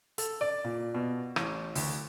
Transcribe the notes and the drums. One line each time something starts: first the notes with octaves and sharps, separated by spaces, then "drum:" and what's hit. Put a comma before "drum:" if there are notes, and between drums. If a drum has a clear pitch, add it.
A4, drum: hi-hat
D5
A#2
B2
A1, drum: rim click
D2, drum: open hi-hat